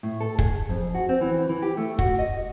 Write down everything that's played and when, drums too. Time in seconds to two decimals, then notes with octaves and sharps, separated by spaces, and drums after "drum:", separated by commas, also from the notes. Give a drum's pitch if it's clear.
0.03 A2
0.21 A4
0.39 G#4, drum: kick
0.69 F2
0.95 F#4
1.09 C4
1.21 E3
1.49 E3
1.62 G4
1.77 A3
1.99 F#4, drum: kick
2.19 D#5